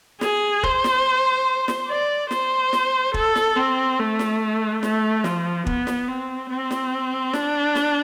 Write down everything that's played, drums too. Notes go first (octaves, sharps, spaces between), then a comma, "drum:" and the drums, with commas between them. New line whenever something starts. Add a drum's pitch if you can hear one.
G#4, drum: snare
C5, drum: kick
drum: snare
drum: snare
D5
C5, drum: snare
drum: snare
A4, drum: kick
drum: snare
C4
A3
drum: snare
A3, drum: snare
F3, drum: snare
B3, drum: kick
drum: snare
C4
C4
drum: snare
D4, drum: snare
drum: snare